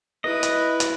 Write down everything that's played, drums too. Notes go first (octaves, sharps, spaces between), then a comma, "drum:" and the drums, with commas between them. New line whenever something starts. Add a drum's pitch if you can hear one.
E4 B4 D#5
drum: hi-hat
drum: hi-hat